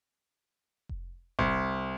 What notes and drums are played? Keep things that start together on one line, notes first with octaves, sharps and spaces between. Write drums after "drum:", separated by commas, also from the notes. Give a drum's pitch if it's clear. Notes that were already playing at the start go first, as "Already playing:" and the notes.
drum: kick F1
C2, drum: kick F1